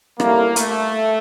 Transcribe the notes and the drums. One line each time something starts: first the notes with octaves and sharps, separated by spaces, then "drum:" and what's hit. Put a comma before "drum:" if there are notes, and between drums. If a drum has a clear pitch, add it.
A2 G3 A#3, drum: rim click
A3, drum: hi-hat